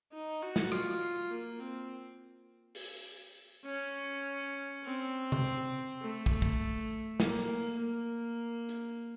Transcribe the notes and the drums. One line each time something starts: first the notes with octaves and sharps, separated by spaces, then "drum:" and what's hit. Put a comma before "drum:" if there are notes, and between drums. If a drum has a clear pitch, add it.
D#4
F#4
drum: snare
F4, drum: rim click
A#3
C4
drum: open hi-hat
C#4
C4
drum: tom C3
A3
drum: kick
drum: kick
A#3, drum: snare
A#3
drum: hi-hat